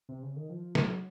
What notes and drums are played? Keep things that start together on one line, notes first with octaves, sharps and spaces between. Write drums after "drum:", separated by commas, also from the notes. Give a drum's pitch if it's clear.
C3
C#3
D#3
F3
F#3, drum: snare